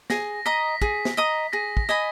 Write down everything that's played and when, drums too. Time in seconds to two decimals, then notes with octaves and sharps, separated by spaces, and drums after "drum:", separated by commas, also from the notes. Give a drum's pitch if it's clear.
0.10 G#4 A#6, drum: snare
0.46 D#5 A#5 D#6 B6
0.82 G#4, drum: kick
1.05 drum: snare
1.17 D#5 A#5 D#6
1.53 G#4 A#6
1.77 drum: kick
1.89 D#5 G#5 B5